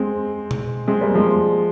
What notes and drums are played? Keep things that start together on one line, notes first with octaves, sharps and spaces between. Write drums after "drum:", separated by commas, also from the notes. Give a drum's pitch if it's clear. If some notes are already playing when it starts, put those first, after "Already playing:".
Already playing: G#3 C4
drum: tom B2
G#3 C4
G3 A#3
F3 G#3